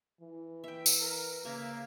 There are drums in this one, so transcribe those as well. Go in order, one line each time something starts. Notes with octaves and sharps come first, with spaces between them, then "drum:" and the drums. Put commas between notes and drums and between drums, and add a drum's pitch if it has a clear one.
E3
E5 G5
drum: tambourine
A#4 B4
C#3 A#3 E5 F5